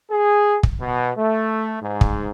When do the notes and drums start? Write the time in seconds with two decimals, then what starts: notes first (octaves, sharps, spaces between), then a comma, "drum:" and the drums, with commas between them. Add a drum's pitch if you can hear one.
0.11 G#4
0.63 drum: kick
0.80 B2
1.17 A3
1.81 G#2
2.01 drum: kick